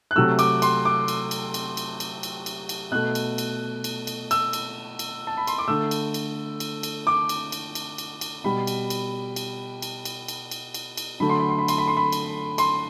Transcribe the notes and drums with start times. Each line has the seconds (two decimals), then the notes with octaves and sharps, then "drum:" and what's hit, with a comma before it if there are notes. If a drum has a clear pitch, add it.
0.11 F#6
0.16 C3 F#3 A3 E6
0.39 D6, drum: cymbal
0.62 C6, drum: cymbal
0.85 D6
1.08 drum: cymbal
1.31 drum: cymbal
1.54 drum: cymbal
1.77 drum: cymbal
2.00 drum: cymbal
2.23 drum: cymbal
2.46 drum: cymbal
2.69 drum: cymbal
2.92 B2 A3 F#6
3.15 drum: cymbal
3.38 drum: cymbal
3.84 drum: cymbal
4.07 drum: cymbal
4.31 E6, drum: cymbal
4.53 drum: cymbal
4.99 drum: cymbal
5.27 A5
5.37 B5
5.47 C6, drum: cymbal
5.58 D6
5.68 D3 A3 E6
5.91 drum: cymbal
6.14 drum: cymbal
6.60 drum: cymbal
6.83 drum: cymbal
7.07 D6
7.29 drum: cymbal
7.52 drum: cymbal
7.75 drum: cymbal
7.98 drum: cymbal
8.21 drum: cymbal
8.44 B2 G3 B5
8.67 drum: cymbal
8.90 drum: cymbal
9.36 drum: cymbal
9.82 drum: cymbal
10.05 drum: cymbal
10.28 drum: cymbal
10.51 drum: cymbal
10.74 drum: cymbal
10.97 drum: cymbal
11.20 D3 F#3 A3 B5
11.29 C6
11.40 B5
11.49 C6
11.58 B5
11.68 C6, drum: cymbal
11.78 B5
11.88 C6
11.97 B5
12.12 drum: cymbal
12.58 C6, drum: cymbal